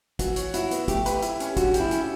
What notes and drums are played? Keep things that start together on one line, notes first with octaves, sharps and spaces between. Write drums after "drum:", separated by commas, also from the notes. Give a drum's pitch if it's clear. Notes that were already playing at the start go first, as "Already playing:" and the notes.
E3 F#4, drum: kick, hi-hat
C#5, drum: hi-hat
E4 F#4, drum: hi-hat
B3, drum: hi-hat
A3 G4, drum: kick, hi-hat
B4, drum: hi-hat
E4, drum: hi-hat
C#4, drum: hi-hat
D3 F#4, drum: kick, hi-hat
G4, drum: hi-hat
E4
C#4, drum: hi-hat